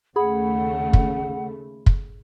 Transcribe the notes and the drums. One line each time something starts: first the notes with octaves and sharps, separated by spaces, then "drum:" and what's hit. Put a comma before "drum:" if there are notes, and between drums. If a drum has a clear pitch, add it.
D#2 C#3 A3 G#4 F#5 B5
drum: kick
drum: kick